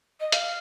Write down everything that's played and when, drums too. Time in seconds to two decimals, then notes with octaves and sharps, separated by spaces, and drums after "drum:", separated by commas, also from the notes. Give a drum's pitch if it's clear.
0.20 D#5
0.32 F5, drum: hi-hat